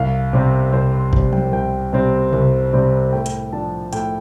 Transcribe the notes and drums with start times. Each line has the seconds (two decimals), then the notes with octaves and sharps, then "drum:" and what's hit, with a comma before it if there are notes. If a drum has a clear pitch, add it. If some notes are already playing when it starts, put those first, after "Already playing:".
Already playing: C2 F5
0.33 C3 G3 C4
0.73 C2 C5
0.93 C6
1.13 C3 G3 C4, drum: kick
1.33 G5, drum: tom F3
1.53 C2 G5
1.93 C3 G3 C4
2.33 C2, drum: tom C3
2.73 C3 G3 C4
3.13 A2 G5
3.26 drum: hi-hat
3.53 F3 D4 A5
3.93 A2 G5, drum: hi-hat